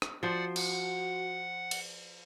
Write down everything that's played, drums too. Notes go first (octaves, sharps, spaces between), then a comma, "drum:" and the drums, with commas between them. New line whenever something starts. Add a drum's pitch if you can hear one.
drum: rim click
F3 F#4 C5 D5 F#5
F#5, drum: cymbal
drum: cymbal